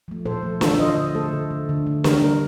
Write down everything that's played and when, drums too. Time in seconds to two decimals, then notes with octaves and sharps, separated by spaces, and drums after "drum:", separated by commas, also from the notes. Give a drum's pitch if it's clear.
0.08 F3 A3
0.25 A#2 A4 C5
0.43 F3 A3
0.61 D3 F4 A4, drum: snare
0.79 A3 C5 D#5
0.97 D3
1.15 A3 A4 C5
1.33 D3
1.51 A3
1.69 D3
1.86 A3
2.04 D3 G4 A#4, drum: snare
2.22 G3 A#3